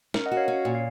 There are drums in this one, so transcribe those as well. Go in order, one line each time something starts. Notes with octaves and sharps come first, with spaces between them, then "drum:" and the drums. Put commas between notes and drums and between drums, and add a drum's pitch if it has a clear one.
C#4 A#4, drum: snare
D#5 F#5
F#4
C#5 F5
C#4
A#2
F5